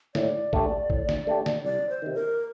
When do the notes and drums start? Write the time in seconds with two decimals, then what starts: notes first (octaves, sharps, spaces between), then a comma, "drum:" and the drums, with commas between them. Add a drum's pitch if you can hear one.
0.15 A2 D5, drum: snare
0.53 A3 D4 G4, drum: kick A1
0.90 A2, drum: kick A1
1.09 drum: snare
1.27 A3 D4 G4
1.46 drum: snare
1.65 C2 D5
1.90 C5
2.02 C3 D#3
2.15 A#4